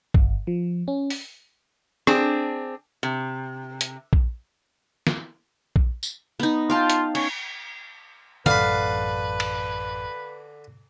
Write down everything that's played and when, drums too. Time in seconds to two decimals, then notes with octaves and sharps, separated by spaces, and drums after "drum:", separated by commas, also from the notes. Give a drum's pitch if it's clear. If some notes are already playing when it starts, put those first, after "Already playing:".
0.14 G1, drum: kick A#1
0.47 F3
0.88 C#4
1.10 drum: open hi-hat
2.07 C4 D4 G#4, drum: rim click
3.03 C3
3.81 drum: hi-hat
4.13 drum: kick A#1
5.07 drum: snare
5.76 drum: kick A#1
6.03 drum: tambourine
6.40 B3 D#4
6.70 F4 F5 G5 A5
6.90 drum: hi-hat
7.15 C#4 C#5, drum: cymbal
8.46 A1 F#2 A2 D3 B4 F5 B5, drum: tom
9.40 drum: cymbal